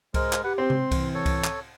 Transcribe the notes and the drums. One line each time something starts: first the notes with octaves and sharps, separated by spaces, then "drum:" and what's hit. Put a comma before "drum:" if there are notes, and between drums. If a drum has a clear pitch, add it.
G#3 A#4 C5, drum: kick C2, cymbal
drum: clap
G4 B4 F#5
C4 C6
drum: tom C3
E3, drum: kick C2, cymbal
A4 C#5
drum: kick C2, cymbal
drum: clap